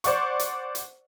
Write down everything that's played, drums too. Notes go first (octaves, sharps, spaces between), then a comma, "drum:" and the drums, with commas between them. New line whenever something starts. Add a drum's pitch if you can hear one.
C5 D5 F#5 C#6, drum: hi-hat
drum: hi-hat
drum: hi-hat